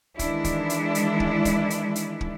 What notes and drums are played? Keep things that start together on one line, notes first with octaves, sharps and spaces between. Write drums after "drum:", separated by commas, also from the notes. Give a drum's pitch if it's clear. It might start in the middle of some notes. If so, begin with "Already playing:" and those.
D#3 E3 G#3 D4 E4, drum: kick, hi-hat
drum: kick, hi-hat
drum: hi-hat
drum: hi-hat
drum: kick
drum: kick, hi-hat
drum: hi-hat
drum: hi-hat
drum: kick